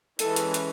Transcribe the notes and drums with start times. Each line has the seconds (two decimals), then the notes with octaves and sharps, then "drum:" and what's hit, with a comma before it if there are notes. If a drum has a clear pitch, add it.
0.19 E3 G#3 C#4 A4, drum: hi-hat
0.36 drum: hi-hat
0.54 drum: hi-hat